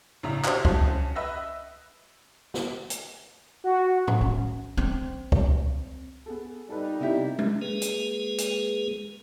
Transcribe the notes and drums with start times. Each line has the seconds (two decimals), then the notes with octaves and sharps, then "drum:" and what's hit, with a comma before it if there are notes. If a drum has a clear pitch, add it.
0.23 A1 C#3 D4 E5 A#5
0.45 F#4 G4 C5 C#5 E5, drum: clap
0.65 F2 F#4, drum: kick C#2
0.87 C#4
1.15 B4 D#5 E5 E6 F#6 A#6
2.54 drum: snare
2.90 drum: hi-hat
3.64 F#4
4.08 drum: tom A2
4.21 C#4
4.77 C4
5.32 drum: kick C#2
6.26 B3 G#4 A4
6.70 A#2 G3 D#4 A4 B4
7.01 C3 B3 E4 G4 E5
7.39 drum: tom
7.61 G#3 A#3 G#4 B4
7.82 drum: hi-hat
8.38 drum: hi-hat